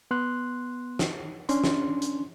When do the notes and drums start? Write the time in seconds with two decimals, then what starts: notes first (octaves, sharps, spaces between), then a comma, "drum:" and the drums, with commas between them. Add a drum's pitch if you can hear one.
0.11 B3 C6 F#6
0.99 drum: snare
1.49 C#4 D4 C6, drum: hi-hat
1.64 drum: snare
2.02 drum: hi-hat